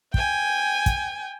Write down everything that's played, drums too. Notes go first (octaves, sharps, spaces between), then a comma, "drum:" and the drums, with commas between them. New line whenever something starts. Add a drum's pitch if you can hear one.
G5 G#5, drum: kick
drum: kick, hi-hat